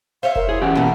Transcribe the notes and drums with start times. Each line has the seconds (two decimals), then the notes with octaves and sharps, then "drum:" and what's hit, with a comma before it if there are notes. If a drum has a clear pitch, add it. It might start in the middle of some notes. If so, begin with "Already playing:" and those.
0.23 C5 C#5 E5 F5
0.36 A#4, drum: kick F1
0.49 E4 G#4
0.62 E3 C#4 G4 F#5
0.75 B2 A3 A#3